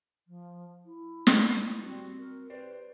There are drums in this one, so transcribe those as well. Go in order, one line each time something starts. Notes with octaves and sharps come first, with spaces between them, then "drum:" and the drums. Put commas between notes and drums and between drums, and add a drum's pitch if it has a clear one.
F3
E4
drum: snare
G3 C4 F#4
A#4
G4 B4 C5 D5